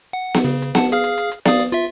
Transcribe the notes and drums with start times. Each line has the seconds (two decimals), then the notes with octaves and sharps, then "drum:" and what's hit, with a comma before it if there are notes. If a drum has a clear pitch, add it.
0.13 F#5
0.34 drum: snare B3
0.44 C#3
0.62 drum: hi-hat
0.75 F#5 A5, drum: snare B3
0.92 G#4 F5 F6, drum: hi-hat
1.04 drum: hi-hat
1.18 drum: hi-hat
1.32 drum: hi-hat
1.45 D5 F5 D#6, drum: snare B3
1.59 drum: hi-hat
1.72 F4 E5, drum: hi-hat